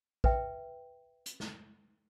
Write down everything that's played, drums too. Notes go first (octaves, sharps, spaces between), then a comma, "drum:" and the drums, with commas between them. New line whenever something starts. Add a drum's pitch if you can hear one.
B4 E5 G5, drum: kick A1
drum: hi-hat
drum: snare